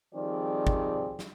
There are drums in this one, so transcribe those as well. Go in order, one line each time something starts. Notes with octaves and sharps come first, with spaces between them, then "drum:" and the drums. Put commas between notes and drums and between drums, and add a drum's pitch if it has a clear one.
D#3 F3 G3 C4 G#4 D5
drum: kick G#1
drum: snare